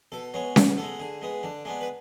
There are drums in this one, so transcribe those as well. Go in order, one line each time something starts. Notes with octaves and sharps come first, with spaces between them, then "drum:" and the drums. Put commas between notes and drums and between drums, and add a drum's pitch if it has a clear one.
B2 A4
G#3 B3 C#5
B2, drum: snare C#4
G#3 B3 A4
D3 G#4
G#3 B3
D3 D4
G#3 B3 D4
B4